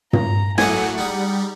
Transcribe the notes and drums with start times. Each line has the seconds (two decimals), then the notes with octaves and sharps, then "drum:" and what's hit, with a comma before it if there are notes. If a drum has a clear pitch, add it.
0.13 A#5, drum: tom
0.58 A2 F#3 A3 A#3 D#5 F#5 G#5, drum: snare
0.98 G3 D#4 G#4